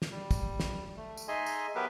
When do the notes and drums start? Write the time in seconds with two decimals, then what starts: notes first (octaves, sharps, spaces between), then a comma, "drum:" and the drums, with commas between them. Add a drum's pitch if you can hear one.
0.02 drum: snare
0.11 G3
0.31 drum: kick, tambourine
0.60 drum: snare
0.97 A3
1.17 drum: tambourine
1.28 D#4 G#4 D#5 E5 G#5 C6
1.46 drum: tambourine
1.75 F#3 B3 G4 A#4 B4 E5